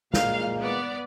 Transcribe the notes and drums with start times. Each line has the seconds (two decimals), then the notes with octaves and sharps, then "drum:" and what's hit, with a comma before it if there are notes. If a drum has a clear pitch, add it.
0.14 A#2 G#3 A#3 F5, drum: snare
0.59 B3 D5